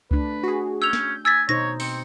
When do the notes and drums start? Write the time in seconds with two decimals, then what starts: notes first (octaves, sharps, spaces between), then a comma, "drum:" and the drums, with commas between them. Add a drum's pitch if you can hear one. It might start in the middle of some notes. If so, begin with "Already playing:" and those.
0.11 A3 D4 B4, drum: kick C#2
0.43 F#4 G#4
0.82 C#4 E6 G6 F7
0.93 drum: snare
1.25 G#5 E6 A6 B6
1.49 B2 D#4 C5 C#5 A#6
1.80 C4 C#7, drum: open hi-hat